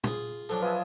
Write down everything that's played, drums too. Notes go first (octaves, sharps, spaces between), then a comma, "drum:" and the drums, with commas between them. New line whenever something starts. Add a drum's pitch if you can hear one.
F4 G#4, drum: tom
F3 F#3 D4 A4
F4 G#4 B4 E5